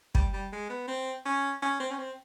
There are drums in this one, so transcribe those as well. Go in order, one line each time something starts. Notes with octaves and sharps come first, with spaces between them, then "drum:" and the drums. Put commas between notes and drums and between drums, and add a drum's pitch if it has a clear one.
G3, drum: kick
G3
G#3
B3
C4
C#4
C#4
C4
C#4
C4